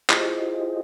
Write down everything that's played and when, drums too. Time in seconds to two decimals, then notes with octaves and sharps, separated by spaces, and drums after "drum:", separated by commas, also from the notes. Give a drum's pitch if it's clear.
0.10 E4 F4 G4 G#4 C5 D#5, drum: clap